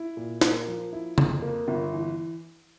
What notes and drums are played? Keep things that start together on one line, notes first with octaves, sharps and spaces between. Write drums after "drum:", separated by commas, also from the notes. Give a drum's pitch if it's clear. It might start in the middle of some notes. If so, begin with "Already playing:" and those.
Already playing: E4
A#2
A#3, drum: snare
F3
E4
F2, drum: tom C#3
A#3
G1
E3